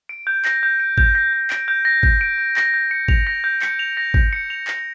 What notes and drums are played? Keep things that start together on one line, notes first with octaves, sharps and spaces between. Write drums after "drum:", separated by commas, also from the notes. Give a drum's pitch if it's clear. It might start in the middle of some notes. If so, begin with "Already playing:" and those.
D7
G6
A#6, drum: clap
G6
D7
G6, drum: kick
A#6
G6
D7, drum: clap
G6
A#6
G6, drum: kick
D7
G6
A#6, drum: clap
G6
C#7
F7, drum: kick
A#6
G6
C#7, drum: clap
F7
A#6
G6, drum: kick
C#7
F7
A#6, drum: clap